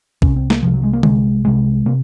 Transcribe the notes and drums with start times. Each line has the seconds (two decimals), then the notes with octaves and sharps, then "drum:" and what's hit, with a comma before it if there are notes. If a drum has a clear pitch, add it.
0.22 C2 C3 C#4, drum: kick B1
0.36 C4
0.50 A#3, drum: snare
0.63 C2 C3 F3
0.74 F#3
0.83 G#3
0.93 A#3
1.03 C2 C3 G#3, drum: tom D3
1.45 C2 C3 G#3
1.86 C3 A#3